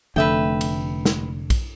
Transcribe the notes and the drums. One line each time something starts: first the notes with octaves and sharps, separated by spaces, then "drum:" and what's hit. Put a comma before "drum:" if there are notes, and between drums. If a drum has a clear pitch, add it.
F1 D3 A3 B4 E5 G5
drum: cymbal
drum: snare
drum: kick A#1, cymbal